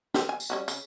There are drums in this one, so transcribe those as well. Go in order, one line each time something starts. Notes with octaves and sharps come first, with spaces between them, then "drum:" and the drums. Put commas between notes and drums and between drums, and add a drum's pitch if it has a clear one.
C4 G4 B4, drum: snare
G#5
drum: tambourine
G3 C#4 F#4
C#3, drum: tambourine